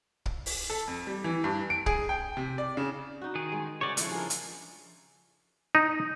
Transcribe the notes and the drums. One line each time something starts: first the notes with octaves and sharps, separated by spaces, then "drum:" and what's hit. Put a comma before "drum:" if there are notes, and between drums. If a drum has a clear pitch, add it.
drum: kick
drum: open hi-hat
A4
F2
G3
E3
G2
D7
G#4, drum: kick
G5
C3
D5
C#3
D#4 F#4
D#3 G#4
G#3
C#3 B3 C#5 D5
F3 D4 E4 A4, drum: hi-hat
G#4 A#4
drum: hi-hat
D#4